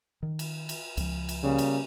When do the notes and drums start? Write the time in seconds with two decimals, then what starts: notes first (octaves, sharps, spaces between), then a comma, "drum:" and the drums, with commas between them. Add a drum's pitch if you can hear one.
0.23 D#3
0.39 drum: cymbal
0.69 drum: cymbal
0.97 C#2 F3, drum: cymbal
1.29 drum: cymbal
1.44 C#3 G3 A#3
1.58 drum: cymbal